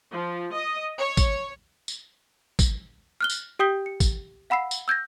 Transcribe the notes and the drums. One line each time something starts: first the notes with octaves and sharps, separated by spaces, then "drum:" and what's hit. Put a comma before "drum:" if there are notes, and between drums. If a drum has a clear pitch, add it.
F3
D#5
C#5
drum: kick, tambourine
drum: tambourine
drum: kick, tambourine
F6 F#6 G7
drum: tambourine
G4 G5 D#6 G6 B6 G7
C#7
drum: kick, tambourine
F5 F#5 B5 E6 C7
drum: tambourine
E6 G6 G#6 A#6